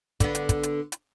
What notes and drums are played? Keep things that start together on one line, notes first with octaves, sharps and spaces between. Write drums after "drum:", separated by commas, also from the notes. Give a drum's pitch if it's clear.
D3 B3, drum: kick, hi-hat
drum: hi-hat
drum: kick, hi-hat
drum: hi-hat
drum: hi-hat